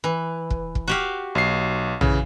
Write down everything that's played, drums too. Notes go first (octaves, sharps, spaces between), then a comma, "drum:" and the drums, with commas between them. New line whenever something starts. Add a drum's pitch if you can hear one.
E3
drum: kick
drum: kick
F#4 G4 F5
B1 C7
C#3 E3, drum: tom A#1